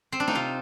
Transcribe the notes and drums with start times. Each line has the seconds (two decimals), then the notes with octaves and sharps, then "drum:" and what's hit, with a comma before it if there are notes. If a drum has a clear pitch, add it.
0.12 C4
0.20 D4
0.28 D#4, drum: snare
0.35 C3 F4